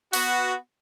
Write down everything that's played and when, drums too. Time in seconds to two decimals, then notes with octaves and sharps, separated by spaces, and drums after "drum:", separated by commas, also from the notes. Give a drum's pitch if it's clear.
0.13 B3 F#4, drum: open hi-hat